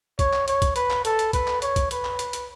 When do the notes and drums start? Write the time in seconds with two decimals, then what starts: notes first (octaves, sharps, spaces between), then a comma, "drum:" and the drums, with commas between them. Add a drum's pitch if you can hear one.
0.19 C#5, drum: kick, hi-hat
0.33 drum: clap
0.48 C#5, drum: hi-hat
0.62 drum: kick, hi-hat
0.76 B4, drum: hi-hat
0.90 drum: clap
1.05 A4, drum: hi-hat
1.19 drum: hi-hat
1.33 B4, drum: kick, hi-hat
1.48 drum: clap
1.62 C#5, drum: hi-hat
1.76 drum: kick, hi-hat
1.91 B4, drum: hi-hat
2.05 drum: clap
2.19 drum: hi-hat
2.33 drum: hi-hat